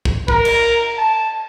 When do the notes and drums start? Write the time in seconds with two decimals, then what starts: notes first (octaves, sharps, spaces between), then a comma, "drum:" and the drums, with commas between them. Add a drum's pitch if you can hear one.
0.05 drum: kick
0.28 A#4, drum: kick
0.45 drum: cymbal
0.98 A5